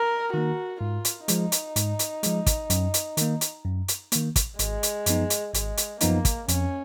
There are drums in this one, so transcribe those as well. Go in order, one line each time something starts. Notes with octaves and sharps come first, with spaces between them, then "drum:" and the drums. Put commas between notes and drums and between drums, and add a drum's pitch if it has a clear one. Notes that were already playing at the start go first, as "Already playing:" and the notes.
Already playing: A#4
D#3 A#3 F#4
G#2 F4
drum: hi-hat
F3 G#3 D#4, drum: hi-hat
drum: hi-hat
G#2, drum: hi-hat
drum: hi-hat
F3 G#3, drum: hi-hat
drum: kick, hi-hat
F#2, drum: hi-hat
drum: hi-hat
D#3 A#3, drum: hi-hat
drum: hi-hat
F#2
drum: hi-hat
D#3 A#3, drum: hi-hat
drum: kick, hi-hat
G#1 G#3, drum: hi-hat
drum: hi-hat
F#2 F3 B3 D#4, drum: hi-hat
drum: hi-hat
G#1 G#3, drum: hi-hat
drum: hi-hat
F#2 F3 A#3 B3 D#4, drum: hi-hat
drum: kick, hi-hat
F2 C#4, drum: hi-hat